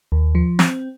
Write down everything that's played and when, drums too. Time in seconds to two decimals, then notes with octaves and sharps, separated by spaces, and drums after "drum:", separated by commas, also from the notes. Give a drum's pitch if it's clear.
0.12 D#2
0.35 F3
0.59 C4, drum: snare